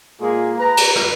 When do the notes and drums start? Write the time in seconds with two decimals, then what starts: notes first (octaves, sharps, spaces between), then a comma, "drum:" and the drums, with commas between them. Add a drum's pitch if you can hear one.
0.20 A#2 G#3 A#3 F4 G#4
0.59 B4 A#5
0.77 drum: cymbal
0.96 drum: rim click